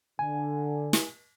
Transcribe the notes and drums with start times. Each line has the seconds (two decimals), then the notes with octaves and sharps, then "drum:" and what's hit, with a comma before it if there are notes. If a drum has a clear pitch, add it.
0.19 D3 G#5
0.93 drum: snare